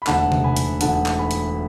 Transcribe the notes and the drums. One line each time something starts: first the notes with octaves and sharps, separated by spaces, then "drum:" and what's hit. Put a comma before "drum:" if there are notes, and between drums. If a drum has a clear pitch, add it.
B5
E1 D2 D3 F#5 A5, drum: clap
drum: tom C3
G#5 B5
drum: hi-hat
E1 D2 D3 F#5 A5, drum: hi-hat
drum: clap
G#5 B5
drum: hi-hat